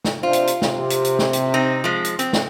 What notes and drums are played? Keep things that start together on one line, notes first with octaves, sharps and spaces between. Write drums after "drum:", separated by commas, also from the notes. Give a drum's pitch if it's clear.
drum: snare
C3 D4 F4 C5
drum: hi-hat
drum: hi-hat
C3, drum: snare
drum: hi-hat
drum: hi-hat
drum: snare
drum: hi-hat
C4 D#4
F3 G#3
drum: hi-hat
C4, drum: hi-hat
drum: snare